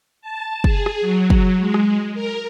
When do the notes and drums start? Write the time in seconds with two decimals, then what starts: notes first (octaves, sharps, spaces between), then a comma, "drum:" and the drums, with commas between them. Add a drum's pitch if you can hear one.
0.21 A5
0.64 G#4, drum: kick
0.86 drum: rim click
1.01 F#3
1.30 drum: kick
1.59 G#3
1.74 drum: rim click
2.14 A#4